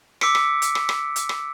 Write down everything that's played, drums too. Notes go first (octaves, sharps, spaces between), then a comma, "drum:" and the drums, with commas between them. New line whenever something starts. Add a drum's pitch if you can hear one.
D6 E6 B6 C#7 D7, drum: rim click
drum: rim click
drum: hi-hat
drum: rim click
drum: rim click
drum: hi-hat
drum: rim click